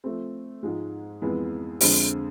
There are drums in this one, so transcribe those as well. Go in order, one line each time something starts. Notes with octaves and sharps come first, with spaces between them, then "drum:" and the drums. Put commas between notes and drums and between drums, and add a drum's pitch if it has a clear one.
F3 A3 C4
G#2 F3 G#3
F2 E3 G#3 B3
F2 D3 G#3 C4, drum: open hi-hat